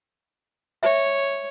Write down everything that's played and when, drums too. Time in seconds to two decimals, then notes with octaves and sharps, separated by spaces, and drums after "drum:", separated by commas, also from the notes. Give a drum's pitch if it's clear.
0.83 C#5 E5, drum: open hi-hat